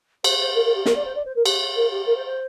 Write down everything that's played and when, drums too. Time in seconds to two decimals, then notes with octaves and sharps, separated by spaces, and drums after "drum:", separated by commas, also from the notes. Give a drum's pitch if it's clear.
0.24 C5, drum: cymbal
0.40 C5
0.55 A#4
0.65 A#4
0.75 G4
0.86 A#4, drum: snare
0.95 D5
1.05 C5
1.16 D5
1.26 C5
1.36 A#4
1.46 G4, drum: cymbal
1.76 A#4
1.91 G4
2.06 A#4
2.16 C5
2.26 C5